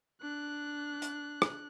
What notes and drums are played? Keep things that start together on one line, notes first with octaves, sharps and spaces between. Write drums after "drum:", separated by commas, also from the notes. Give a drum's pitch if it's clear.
D4 F#6
drum: hi-hat
drum: rim click